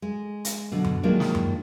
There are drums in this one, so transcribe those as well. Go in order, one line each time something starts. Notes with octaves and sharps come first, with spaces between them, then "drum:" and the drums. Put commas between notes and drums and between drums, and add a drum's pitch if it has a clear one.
G#3
drum: hi-hat
B2 D3 F#3
drum: tom F#2
D#3 F3 F#3 G#3 A#3 D4
drum: snare
drum: tom F#2